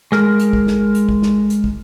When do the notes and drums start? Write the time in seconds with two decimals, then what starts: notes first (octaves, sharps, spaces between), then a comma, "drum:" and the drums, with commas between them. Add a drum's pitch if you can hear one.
0.12 G#3 A#4, drum: snare
0.40 drum: hi-hat
0.53 drum: kick
0.67 drum: snare
0.95 drum: hi-hat
1.09 drum: kick
1.22 drum: snare
1.50 drum: hi-hat
1.64 drum: kick